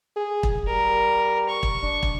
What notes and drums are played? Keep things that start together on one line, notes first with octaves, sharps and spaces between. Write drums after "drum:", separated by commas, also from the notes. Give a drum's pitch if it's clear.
G#4
drum: kick
G3 A#4
C#6
drum: kick
D4
drum: kick